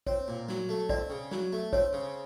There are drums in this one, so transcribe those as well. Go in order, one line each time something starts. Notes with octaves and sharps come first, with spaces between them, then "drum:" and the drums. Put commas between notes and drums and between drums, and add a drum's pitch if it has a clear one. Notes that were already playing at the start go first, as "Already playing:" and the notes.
C4 C#5, drum: kick
A#2
F#3, drum: snare
A3
C4 D5, drum: kick
C#3
F#3, drum: snare
A3
C4 C#5, drum: kick
C#3